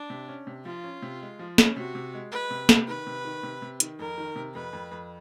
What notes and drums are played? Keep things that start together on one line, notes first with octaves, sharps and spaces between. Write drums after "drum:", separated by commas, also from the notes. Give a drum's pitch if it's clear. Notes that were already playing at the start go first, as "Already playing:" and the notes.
Already playing: D4
C3
C#4
C3
F3 F4
C#4
C3
G#3
F3
C#4, drum: snare
C3 F#4
C3
G#3
G#3 B4
C3
C3, drum: snare
D#3 B4
C3
D#3
C3
C3
D#3, drum: hi-hat
F2 A#4
D#3
C3
F2 B4
F2
F2